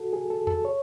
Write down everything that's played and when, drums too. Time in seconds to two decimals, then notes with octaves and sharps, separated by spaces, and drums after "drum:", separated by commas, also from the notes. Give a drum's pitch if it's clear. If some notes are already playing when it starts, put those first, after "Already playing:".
Already playing: F#4 A4
0.13 G#4
0.30 A4
0.47 A4, drum: tom E2
0.65 C#5